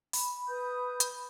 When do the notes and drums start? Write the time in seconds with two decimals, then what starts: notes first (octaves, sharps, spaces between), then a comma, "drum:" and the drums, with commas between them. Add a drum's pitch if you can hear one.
0.13 B5, drum: open hi-hat
0.48 B4 D#6 G6
1.00 drum: hi-hat